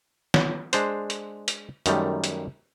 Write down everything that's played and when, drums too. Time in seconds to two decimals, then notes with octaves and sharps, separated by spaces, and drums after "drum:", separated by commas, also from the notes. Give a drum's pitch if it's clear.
0.34 drum: snare
0.73 G#3 D4 C5, drum: hi-hat
1.10 drum: hi-hat
1.48 drum: hi-hat
1.86 F#2 D#3 G3 A3, drum: hi-hat
2.24 drum: hi-hat